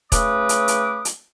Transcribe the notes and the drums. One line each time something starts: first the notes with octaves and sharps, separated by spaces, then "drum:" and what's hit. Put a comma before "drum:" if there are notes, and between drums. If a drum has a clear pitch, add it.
C#3 A3 B4 D6 D#6, drum: kick E1, hi-hat
drum: hi-hat
drum: hi-hat
drum: hi-hat